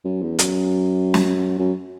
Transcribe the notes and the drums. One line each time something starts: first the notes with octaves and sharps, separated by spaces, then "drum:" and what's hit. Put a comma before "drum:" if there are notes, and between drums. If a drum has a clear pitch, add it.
F#2
E2
F#2, drum: hi-hat
drum: snare
F#2